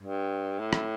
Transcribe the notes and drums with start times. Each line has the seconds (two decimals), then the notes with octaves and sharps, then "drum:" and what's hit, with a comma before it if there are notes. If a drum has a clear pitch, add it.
0.02 G2
0.59 A2
0.73 drum: rim click